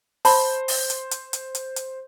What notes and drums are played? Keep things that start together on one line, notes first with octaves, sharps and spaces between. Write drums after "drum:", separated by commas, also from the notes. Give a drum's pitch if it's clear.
C5 A5 B5, drum: open hi-hat
drum: open hi-hat
drum: hi-hat
drum: hi-hat
drum: hi-hat
drum: hi-hat
drum: hi-hat